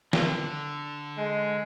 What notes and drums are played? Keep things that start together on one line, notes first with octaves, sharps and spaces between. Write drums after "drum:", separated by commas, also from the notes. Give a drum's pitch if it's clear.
D3, drum: snare
G#3